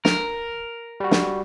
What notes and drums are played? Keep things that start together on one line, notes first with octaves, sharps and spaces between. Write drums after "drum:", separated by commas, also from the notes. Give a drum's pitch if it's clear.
A#4, drum: snare
G3 F#4
drum: snare